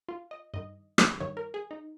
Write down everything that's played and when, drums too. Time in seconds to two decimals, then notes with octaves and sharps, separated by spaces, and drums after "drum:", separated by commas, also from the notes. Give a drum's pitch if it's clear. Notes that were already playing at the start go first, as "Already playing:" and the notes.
0.08 F4
0.31 D#5
0.54 G2 D#3 D#5
0.98 drum: rim click
1.20 G2 D#3 C#5
1.37 A#4
1.54 G#4
1.71 D#4